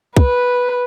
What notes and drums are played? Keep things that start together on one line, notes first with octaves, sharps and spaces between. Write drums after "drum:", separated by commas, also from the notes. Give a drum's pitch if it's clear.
B4, drum: kick